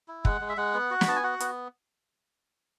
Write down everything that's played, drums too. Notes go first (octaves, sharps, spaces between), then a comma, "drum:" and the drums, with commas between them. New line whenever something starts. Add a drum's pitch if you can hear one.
E4
G#3 F#5, drum: kick
G#3
E5
G#3 F#5
B3
F#4
B5, drum: snare
B3 A5
G#5
F#4 F#5
B3, drum: hi-hat